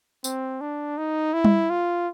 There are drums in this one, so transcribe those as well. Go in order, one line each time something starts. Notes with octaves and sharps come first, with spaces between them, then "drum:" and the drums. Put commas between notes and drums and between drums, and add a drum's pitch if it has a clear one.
C4, drum: tambourine
D4
D#4
E4
drum: tom G3
F4